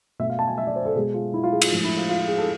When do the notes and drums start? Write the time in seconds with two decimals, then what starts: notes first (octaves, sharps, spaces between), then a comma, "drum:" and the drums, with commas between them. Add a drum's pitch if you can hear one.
0.19 B2 A3 E5
0.30 F5
0.39 A5
0.47 G#5
0.58 E5
0.67 D5
0.76 C5
0.85 A4
0.95 B2 G#3 G#4
1.14 F4
1.34 E4
1.43 F4
1.53 G#4
1.62 F4, drum: cymbal
1.72 A2 F3 G#3
1.84 E4
1.97 F4
2.09 F4
2.20 F4
2.28 G#4
2.38 A4